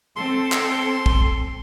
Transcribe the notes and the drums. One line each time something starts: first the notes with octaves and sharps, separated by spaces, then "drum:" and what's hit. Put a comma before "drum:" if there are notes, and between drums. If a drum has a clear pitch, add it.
C4 A4 C6
drum: clap
drum: kick